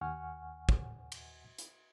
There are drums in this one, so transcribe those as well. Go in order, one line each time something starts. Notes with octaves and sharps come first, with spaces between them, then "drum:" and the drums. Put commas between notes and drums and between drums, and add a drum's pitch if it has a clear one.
D#2 F#5 G#5 C#6 F6
drum: kick
drum: cymbal
drum: hi-hat